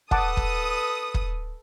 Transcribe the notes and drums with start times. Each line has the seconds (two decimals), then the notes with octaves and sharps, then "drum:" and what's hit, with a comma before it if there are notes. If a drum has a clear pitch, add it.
0.11 A4 B4 F#5 A5 D6 D#6, drum: kick
0.37 drum: kick
1.14 drum: kick